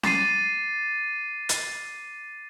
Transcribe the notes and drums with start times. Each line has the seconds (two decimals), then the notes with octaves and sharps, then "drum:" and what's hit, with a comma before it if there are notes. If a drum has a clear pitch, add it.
0.03 D6 A6 C7 D#7, drum: snare C#4
1.49 drum: hi-hat